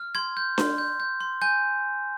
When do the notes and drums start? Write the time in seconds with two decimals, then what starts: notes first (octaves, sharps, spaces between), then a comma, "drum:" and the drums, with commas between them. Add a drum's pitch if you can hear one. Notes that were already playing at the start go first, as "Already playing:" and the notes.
Already playing: F6
0.15 C6 G#6
0.37 G6
0.58 C6, drum: snare D4
0.78 G6
1.00 G6
1.21 C6
1.42 G#5 G6